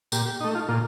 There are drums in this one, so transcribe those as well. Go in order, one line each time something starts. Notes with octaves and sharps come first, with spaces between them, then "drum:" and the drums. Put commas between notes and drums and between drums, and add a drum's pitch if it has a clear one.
A#2 G4, drum: tambourine
G4
A3 D#4
F4
A#2 F4